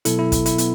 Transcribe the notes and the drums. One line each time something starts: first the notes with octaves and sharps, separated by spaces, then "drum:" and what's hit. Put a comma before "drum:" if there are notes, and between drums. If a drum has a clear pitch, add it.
B2 F#3 B3 E4 A4, drum: hi-hat
E4
drum: kick, hi-hat
E4, drum: hi-hat
B3, drum: hi-hat